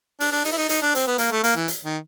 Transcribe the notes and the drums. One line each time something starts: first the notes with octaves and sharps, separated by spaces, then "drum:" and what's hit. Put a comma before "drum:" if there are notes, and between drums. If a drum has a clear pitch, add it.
D4, drum: open hi-hat
D4
D#4, drum: open hi-hat
E4
D#4
D#4, drum: hi-hat
D4
C4, drum: hi-hat
B3
A#3, drum: hi-hat
A3
A#3, drum: hi-hat
E3
drum: hi-hat
D#3